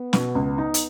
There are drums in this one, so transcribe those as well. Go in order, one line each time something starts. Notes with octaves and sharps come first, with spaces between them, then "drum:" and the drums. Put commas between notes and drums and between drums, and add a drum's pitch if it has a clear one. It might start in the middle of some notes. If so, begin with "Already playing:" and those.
Already playing: B3
B2, drum: snare
C#2
D#4
drum: hi-hat